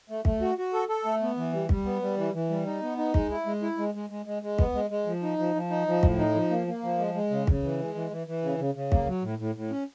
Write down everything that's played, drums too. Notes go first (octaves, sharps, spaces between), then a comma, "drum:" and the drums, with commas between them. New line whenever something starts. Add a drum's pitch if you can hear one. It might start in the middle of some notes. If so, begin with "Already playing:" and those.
A3
A3, drum: kick
F#4
F#4
A4
A4
A3
B3
E3
G3
G3, drum: kick
B3
G3
E3
E3
G3
D#4
B3
D#4
G#3, drum: kick
E4
G#3
E4
G#3
G#3
G#3
G#3
G#3
B3, drum: kick
G#3
G#3
F3
D#4
F3
F3
D#4
F3
A2, drum: kick
D#4
F3
A#3
A#3
F3
G#3
G#3
C#3
C#3, drum: kick
E3
G#3
E3
E3
E3
C#3
C#3
C#3
A#3, drum: kick
F#3
A2
A2
A2
C#4